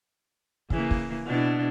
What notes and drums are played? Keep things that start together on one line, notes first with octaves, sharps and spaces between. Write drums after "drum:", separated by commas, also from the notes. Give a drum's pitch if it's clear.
C#3 E3 A#3, drum: kick
drum: kick
B2 D4 E4